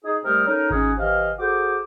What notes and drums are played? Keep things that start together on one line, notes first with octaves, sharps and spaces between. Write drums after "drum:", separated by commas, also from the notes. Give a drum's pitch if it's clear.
D#4 G#4
C3 G3 A3 D#4 A#4
C#4 D#4 A4 A#4
G#3 C#4 D#4 F#4 G#4, drum: kick G#1
C3 E3 D#5 F5
F#4 G#4 A4 C5 D6